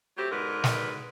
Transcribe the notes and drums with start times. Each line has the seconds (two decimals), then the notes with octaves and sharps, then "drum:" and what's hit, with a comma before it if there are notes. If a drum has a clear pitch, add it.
0.18 F#3 A3 C4 G4
0.31 G#2 B2 D3 A#4 B4
0.64 drum: snare